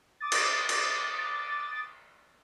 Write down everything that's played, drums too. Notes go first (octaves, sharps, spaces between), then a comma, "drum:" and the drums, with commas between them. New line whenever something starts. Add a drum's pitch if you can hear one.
D6 D#6 A6
drum: cymbal
drum: cymbal